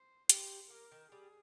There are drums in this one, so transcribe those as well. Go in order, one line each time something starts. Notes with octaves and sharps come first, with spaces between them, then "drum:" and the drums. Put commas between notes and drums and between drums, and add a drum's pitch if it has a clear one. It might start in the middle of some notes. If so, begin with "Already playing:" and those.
Already playing: C5
G3 C5, drum: hi-hat
A#3 A#4
D#3
G3 G#4